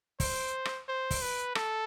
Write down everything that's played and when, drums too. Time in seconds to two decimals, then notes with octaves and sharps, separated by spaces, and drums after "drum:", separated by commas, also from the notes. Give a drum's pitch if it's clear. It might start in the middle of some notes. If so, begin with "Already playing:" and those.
0.20 C5, drum: kick, open hi-hat
0.65 drum: rim click
0.88 C5
1.11 drum: kick, open hi-hat
1.22 B4
1.55 A4, drum: rim click